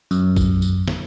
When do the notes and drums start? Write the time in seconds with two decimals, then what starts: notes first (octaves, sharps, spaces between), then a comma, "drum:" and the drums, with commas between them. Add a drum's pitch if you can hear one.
0.11 F#2, drum: tambourine
0.36 drum: kick, tambourine
0.62 drum: tambourine
0.88 drum: snare